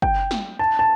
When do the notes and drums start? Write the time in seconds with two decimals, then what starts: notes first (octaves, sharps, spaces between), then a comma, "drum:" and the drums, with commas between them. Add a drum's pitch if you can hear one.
0.02 G5, drum: kick
0.31 drum: snare
0.59 A5
0.79 A5